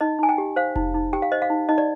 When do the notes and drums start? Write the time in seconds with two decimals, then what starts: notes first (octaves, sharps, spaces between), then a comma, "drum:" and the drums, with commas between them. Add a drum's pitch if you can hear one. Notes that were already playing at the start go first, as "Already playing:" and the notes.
0.01 D#4 D#5
0.19 D#4 G#5
0.29 G5
0.38 G4
0.56 C5 F5
0.76 D#4, drum: kick F1
0.94 D#4
1.13 G4 G5
1.22 F5
1.32 C5 D#5
1.42 F5
1.50 D#4
1.69 D#4 D#5
1.78 D5